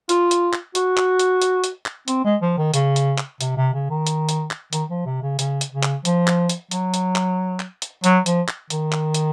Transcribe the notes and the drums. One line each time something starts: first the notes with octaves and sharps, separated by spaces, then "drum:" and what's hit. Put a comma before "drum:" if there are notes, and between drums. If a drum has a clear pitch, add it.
F4, drum: hi-hat
drum: hi-hat
drum: clap
F#4, drum: hi-hat
drum: clap
drum: hi-hat
drum: hi-hat
drum: hi-hat
drum: clap
C4, drum: hi-hat
G#3
F3
D#3
C#3, drum: hi-hat
drum: hi-hat
drum: clap
C3, drum: hi-hat
C3
C#3
D#3
drum: hi-hat
drum: hi-hat
drum: clap
D#3, drum: hi-hat
F3
C3
C#3
C#3, drum: hi-hat
drum: hi-hat
C#3
drum: clap
F3, drum: hi-hat
drum: clap
drum: hi-hat
F#3, drum: hi-hat
drum: hi-hat
drum: clap
drum: clap
drum: hi-hat
F#3, drum: hi-hat
F3, drum: hi-hat
drum: clap
D#3, drum: hi-hat
drum: clap
drum: hi-hat